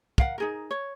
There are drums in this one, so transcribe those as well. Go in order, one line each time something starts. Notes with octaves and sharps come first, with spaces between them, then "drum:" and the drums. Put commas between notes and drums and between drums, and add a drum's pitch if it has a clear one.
A#4 F5 F#5, drum: kick
D#4 G#4 A#4
C#5